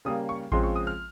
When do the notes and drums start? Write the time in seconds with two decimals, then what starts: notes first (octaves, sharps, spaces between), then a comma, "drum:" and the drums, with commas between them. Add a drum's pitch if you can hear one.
0.05 C#3 G3 A#3 D#6
0.29 C#6
0.52 C#3 F3 G#3 C4 C6, drum: kick A1
0.63 C#6
0.76 D#6
0.87 F6